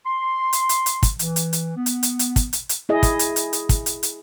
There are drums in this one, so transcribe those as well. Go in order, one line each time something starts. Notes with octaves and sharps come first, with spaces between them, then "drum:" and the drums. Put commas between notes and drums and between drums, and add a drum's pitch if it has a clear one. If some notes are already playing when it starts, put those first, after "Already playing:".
C6
drum: hi-hat
drum: hi-hat
drum: hi-hat
drum: kick, hi-hat
E3, drum: hi-hat
drum: hi-hat
drum: hi-hat
B3
drum: hi-hat
drum: hi-hat
drum: hi-hat
drum: kick, hi-hat
drum: hi-hat
drum: hi-hat
E4 G#4 D#5
drum: kick, hi-hat
drum: hi-hat
drum: hi-hat
drum: hi-hat
drum: kick, hi-hat
drum: hi-hat
drum: hi-hat